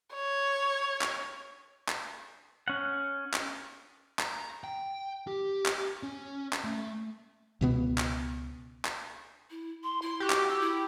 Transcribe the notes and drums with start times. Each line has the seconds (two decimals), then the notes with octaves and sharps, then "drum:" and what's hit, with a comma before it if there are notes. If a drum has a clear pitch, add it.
0.14 C#5
1.01 drum: clap
1.89 drum: clap
2.68 C#4 F#5
3.34 drum: clap
4.19 A#5, drum: clap
4.64 G5
5.27 G4
5.66 drum: clap
6.03 C#4
6.53 drum: clap
6.64 A3
7.61 C#2 B2 B3
7.98 drum: clap
8.85 drum: clap
9.51 E4
9.83 C6
10.02 E4 C6
10.20 F#4 G4
10.30 drum: clap
10.49 G4 E6
10.61 E4